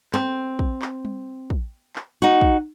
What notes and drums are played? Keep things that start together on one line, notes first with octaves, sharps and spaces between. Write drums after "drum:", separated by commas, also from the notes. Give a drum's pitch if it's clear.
C4, drum: clap
drum: kick
drum: clap
drum: tom G3
drum: kick
drum: clap
D#4 F#4
drum: kick